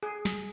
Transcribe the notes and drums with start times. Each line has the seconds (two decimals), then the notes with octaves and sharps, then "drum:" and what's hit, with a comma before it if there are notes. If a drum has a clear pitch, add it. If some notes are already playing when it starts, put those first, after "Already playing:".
0.03 G#4
0.25 drum: snare